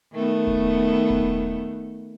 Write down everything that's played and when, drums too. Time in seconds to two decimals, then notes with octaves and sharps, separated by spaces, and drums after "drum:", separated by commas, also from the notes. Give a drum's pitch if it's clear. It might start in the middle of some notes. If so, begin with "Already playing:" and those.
0.13 D#3 A3 B3
0.47 drum: kick D#1
1.10 drum: kick D#1